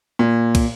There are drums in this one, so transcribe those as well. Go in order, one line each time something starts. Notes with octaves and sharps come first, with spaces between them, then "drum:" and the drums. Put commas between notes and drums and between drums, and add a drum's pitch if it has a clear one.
A#2
drum: kick, cymbal